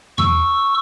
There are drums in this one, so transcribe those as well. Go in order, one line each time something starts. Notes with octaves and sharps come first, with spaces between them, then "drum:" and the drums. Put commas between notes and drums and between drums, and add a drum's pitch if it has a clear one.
C#6 E6, drum: tom E2